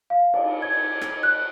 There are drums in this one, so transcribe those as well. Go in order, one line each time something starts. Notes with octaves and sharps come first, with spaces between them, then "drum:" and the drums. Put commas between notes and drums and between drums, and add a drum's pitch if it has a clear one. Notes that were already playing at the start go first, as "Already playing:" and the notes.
F5
drum: cymbal
G#6
drum: rim click
F#6